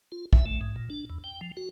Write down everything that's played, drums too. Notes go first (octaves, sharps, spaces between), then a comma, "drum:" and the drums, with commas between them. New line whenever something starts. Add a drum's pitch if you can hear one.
F4
E5, drum: kick
A3
G#2
A#2
D4
E2
G5
F3
F#4